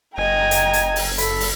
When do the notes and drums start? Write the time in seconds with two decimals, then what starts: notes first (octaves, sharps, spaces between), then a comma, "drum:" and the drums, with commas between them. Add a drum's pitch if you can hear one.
0.18 F#1 D#5 G5 G#5 A#5
0.51 drum: hi-hat
0.73 drum: hi-hat
0.96 drum: open hi-hat
1.18 A4 B5, drum: hi-hat
1.40 drum: open hi-hat